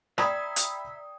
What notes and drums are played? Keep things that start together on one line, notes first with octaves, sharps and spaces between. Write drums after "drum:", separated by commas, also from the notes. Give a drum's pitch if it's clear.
D5 E5 G5 A#5 B5 D#6 G#6, drum: rim click
drum: hi-hat